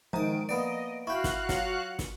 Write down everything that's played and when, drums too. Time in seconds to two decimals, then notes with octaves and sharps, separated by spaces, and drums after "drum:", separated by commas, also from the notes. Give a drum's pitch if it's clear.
0.13 G#2 D#3 F3 A#5 D#6 D7
0.49 A#3 B3 D5 D#5 D7
1.07 E4 F#4 F5 G5 C#6 F#6
1.24 drum: snare
1.49 F#3 F4 C#7, drum: snare
1.99 drum: snare